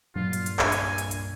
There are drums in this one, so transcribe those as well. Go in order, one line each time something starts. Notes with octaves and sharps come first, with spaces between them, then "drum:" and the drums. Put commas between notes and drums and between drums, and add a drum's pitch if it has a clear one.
G2 A#2 F#3 F4
drum: hi-hat
drum: hi-hat
C2 G#3 D4 G#5, drum: clap
drum: hi-hat
drum: hi-hat
drum: hi-hat